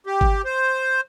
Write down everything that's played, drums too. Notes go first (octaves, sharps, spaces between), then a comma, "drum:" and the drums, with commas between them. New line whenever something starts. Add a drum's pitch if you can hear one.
G4
drum: kick G1
C5